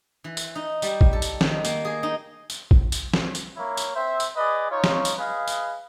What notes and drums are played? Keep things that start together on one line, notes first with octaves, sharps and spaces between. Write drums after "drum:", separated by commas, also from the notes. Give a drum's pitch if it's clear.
E3
drum: tambourine
D#4
G3, drum: tambourine
drum: kick
A4
drum: tambourine
D#3, drum: snare
A#3, drum: tambourine
G#4
D#4
drum: tambourine
drum: kick
drum: tambourine
drum: snare
drum: tambourine
A#3 E4 C#5
drum: tambourine
C4 C5 E5
drum: tambourine
G#4 B4 D5 D#5
D#4 F4 C#5
drum: snare
drum: tambourine
G#4 B4 D#5 F5
drum: tambourine